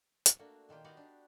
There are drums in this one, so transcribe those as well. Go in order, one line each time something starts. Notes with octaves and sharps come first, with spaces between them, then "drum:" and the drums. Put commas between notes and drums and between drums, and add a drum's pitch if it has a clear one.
drum: hi-hat
A3 A#3 D4 F#4
A#2 D#3 F4 G4
B3 D#4 F#4 G4 D5 F5
D4